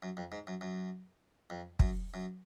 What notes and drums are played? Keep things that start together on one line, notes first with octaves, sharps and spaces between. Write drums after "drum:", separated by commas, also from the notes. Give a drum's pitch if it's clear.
F#2
F2
G#2
F#2
F#2
F2
F#2, drum: kick
F#2